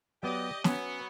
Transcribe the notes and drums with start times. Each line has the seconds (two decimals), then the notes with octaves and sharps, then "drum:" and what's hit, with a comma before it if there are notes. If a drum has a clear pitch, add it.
0.23 F#3 B3 G4 D5 D#5
0.64 F#3 B3 C#4, drum: snare